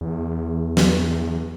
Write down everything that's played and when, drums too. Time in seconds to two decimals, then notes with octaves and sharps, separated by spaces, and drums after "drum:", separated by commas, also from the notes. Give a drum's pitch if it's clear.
0.01 E2
0.77 drum: snare